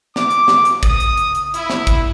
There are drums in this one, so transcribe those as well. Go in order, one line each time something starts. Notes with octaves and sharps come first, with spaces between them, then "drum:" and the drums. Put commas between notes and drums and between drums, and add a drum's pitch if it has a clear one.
D6, drum: snare
drum: hi-hat
drum: snare
drum: hi-hat
D#6, drum: kick, hi-hat
drum: hi-hat
drum: hi-hat
drum: hi-hat
E4, drum: hi-hat
drum: snare
drum: kick, hi-hat